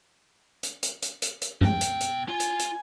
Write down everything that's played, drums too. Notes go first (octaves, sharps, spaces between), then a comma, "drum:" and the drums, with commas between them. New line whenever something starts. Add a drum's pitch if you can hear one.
drum: hi-hat
drum: hi-hat
drum: hi-hat
drum: hi-hat
drum: hi-hat
B2 G5, drum: tom G2
drum: hi-hat
drum: hi-hat
F4 G#5
drum: hi-hat
drum: hi-hat